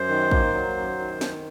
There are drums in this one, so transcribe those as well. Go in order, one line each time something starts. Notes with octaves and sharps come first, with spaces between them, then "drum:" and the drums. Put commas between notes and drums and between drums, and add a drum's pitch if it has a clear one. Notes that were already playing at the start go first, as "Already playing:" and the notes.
Already playing: F#2 C5
D#3
A#3, drum: kick
F#3
F#2
D#3
drum: snare